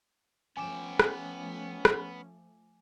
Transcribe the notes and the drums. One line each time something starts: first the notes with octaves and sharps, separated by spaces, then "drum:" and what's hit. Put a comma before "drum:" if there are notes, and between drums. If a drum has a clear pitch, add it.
F3 A3 B3 C#4 G5 G#5 D6 E7
drum: rim click
drum: rim click